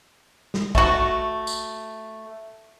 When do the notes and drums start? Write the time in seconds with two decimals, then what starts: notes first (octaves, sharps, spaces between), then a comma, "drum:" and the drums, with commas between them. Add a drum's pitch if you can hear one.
0.54 drum: snare
0.75 A3 F#4, drum: kick
1.47 drum: tambourine